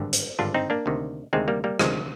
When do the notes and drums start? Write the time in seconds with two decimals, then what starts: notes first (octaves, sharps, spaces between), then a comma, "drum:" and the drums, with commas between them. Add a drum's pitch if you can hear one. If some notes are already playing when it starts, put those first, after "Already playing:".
Already playing: G#1 G2 D3
0.13 drum: hi-hat
0.39 G#1 G2 D3 D4 F4
0.54 C4 D#4
0.70 A#3 D4
0.86 D2 C3 D#3
1.33 D2 C3 D#3 G#3 C4
1.48 G3 A#3
1.64 G3 A#3
1.79 D2 C3 D#3 F3 G#3, drum: rim click